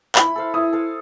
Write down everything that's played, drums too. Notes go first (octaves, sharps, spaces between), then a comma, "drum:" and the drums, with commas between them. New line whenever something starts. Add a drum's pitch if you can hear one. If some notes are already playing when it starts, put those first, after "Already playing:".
E4 B5, drum: clap
A4 C5 F5
E4 D#6
A4 C5 F5